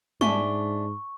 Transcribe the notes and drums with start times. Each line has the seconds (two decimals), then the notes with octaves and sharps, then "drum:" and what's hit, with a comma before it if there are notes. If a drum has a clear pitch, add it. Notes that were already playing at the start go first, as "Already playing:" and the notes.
0.21 G#2 D4 E5 G#5 C#6, drum: tom G3